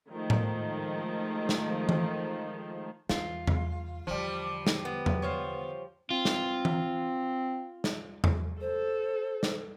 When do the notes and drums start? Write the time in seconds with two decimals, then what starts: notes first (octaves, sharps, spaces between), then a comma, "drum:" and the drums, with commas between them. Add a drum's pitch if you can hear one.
0.11 D#3 F3 G#3 A3
0.30 drum: tom A2
1.49 drum: snare
1.89 drum: tom E3
3.09 E2 F4, drum: snare
3.47 drum: tom E2
4.07 E2 D3 F3 G3
4.67 drum: snare
4.85 B3
5.06 drum: tom E2
5.22 F4 C5 C#5
6.11 C4 F4
6.25 drum: snare
6.65 drum: tom E3
7.84 drum: snare
8.24 drum: tom E2
8.61 A4 C5
9.43 drum: snare